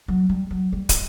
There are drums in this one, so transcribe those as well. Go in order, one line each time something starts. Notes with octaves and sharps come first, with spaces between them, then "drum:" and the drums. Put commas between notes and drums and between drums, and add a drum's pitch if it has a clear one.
F#3
G3
F#3
G3
drum: kick, hi-hat